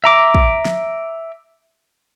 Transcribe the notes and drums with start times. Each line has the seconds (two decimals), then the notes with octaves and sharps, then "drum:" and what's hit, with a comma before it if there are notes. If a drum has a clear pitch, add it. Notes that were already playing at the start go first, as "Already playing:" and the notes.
0.04 E5 A#5 D6
0.35 drum: kick
0.65 drum: snare